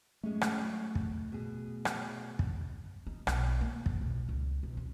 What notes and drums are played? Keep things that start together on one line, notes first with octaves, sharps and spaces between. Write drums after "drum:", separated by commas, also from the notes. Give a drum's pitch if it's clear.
F#2 G#3 A3 C#4
drum: rim click
F#3
drum: kick
B2 G#4
drum: rim click
drum: kick
D#4
B1, drum: rim click
A#3
G1, drum: kick
B1
C#2
B1
C#3